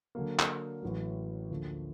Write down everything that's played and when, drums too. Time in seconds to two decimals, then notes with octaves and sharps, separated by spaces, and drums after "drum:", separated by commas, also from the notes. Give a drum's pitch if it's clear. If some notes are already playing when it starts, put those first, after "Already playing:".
0.15 D3 F#3 A#3
0.39 drum: clap
0.83 A1 A2 F#3
1.50 D2 D3 F3 A#3